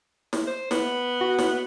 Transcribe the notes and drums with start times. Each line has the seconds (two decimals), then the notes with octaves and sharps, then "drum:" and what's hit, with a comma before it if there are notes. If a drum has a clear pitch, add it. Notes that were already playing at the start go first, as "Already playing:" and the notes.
0.33 drum: snare
0.47 C5
0.71 B3, drum: snare
1.21 F#4
1.38 drum: snare